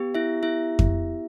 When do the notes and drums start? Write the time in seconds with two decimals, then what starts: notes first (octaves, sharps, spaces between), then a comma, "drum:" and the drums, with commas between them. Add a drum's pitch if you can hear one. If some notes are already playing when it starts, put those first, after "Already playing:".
Already playing: B3 G4
0.14 E4 E5
0.43 E4 E5
0.79 drum: kick F2